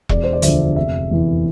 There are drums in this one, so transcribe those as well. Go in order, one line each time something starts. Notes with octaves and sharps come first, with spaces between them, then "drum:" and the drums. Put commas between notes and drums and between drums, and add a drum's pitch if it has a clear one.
E1 D5, drum: kick E1
C5
D5
D2 D3 F3 E5, drum: hi-hat
F1 E5
E2 E3